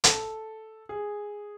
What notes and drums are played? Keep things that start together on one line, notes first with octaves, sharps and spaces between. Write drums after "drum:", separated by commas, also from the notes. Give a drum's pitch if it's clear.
A4, drum: hi-hat
G#4